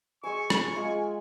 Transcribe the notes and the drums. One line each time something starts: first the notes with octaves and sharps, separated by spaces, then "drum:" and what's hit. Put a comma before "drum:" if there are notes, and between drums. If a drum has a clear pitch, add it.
G#3 G#5 C#6 E6
drum: rim click
G#3 F4